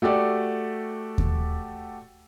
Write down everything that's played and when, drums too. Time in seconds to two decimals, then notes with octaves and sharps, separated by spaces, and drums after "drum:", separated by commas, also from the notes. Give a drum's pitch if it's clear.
0.02 A3 F#4 G4 A4 D5
1.18 drum: kick D#2